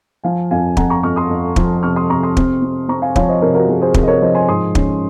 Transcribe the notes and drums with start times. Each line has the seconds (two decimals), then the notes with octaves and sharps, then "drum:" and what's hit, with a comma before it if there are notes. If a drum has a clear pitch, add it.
0.24 F3 F5 G#5
0.51 F2 F5 G#5
0.77 F2 F#5 A#5, drum: kick
0.90 A#5 C#6
1.03 F2 C#6 F6
1.16 C6 D#6
1.29 F2
1.56 F3, drum: kick
1.83 C3 C#6 F6
1.96 C6 D#6
2.09 C3 A#5 C#6
2.23 C6 D#6
2.37 C4, drum: kick
2.62 C4
2.88 C4 A#5 C#6
3.02 F5 G#5
3.16 F3 C#5 F5, drum: kick
3.29 C5 D#5
3.42 C3 A#4 C#5
3.55 F#4 A#4
3.68 F3 G#4
3.81 G#4 C5
3.94 C3 G#4 C5, drum: kick
4.03 D#5
4.08 A#4 C#5
4.22 F3 C5 D#5
4.35 G#5 C6
4.47 G#2 C6 D#6
4.75 C#4, drum: kick